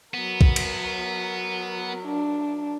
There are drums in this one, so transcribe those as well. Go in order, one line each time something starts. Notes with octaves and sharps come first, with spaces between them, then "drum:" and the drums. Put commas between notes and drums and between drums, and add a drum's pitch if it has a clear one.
F#3 B3 A#4
drum: kick
drum: cymbal
D4